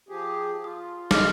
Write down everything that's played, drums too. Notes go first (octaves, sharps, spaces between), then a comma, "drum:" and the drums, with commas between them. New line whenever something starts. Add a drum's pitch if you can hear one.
F3 G4 G#4
F4 D#6
D#5 D6 F6, drum: snare